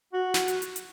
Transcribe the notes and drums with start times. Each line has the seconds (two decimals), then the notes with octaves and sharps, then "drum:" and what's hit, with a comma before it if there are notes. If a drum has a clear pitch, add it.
0.13 F#4
0.34 drum: snare
0.48 drum: hi-hat
0.62 drum: hi-hat
0.76 drum: hi-hat